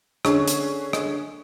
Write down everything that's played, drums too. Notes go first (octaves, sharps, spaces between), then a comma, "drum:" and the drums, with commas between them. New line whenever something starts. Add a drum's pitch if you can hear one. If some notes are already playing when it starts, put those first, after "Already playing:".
D3 C#4 G#4 C#6, drum: rim click
drum: hi-hat
drum: rim click